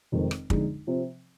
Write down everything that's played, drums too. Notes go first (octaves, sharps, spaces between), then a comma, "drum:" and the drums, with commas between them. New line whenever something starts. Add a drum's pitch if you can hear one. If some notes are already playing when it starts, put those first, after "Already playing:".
F1 F2 D#3 G#3 C4
drum: rim click
F2 D3 G#3 D#4, drum: kick
C3 F3 C4